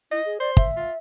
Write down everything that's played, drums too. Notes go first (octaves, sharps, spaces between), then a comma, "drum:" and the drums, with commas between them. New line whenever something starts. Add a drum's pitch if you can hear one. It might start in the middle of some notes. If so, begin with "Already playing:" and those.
E4 D#5
G#4
C5 D5
E5, drum: kick
F4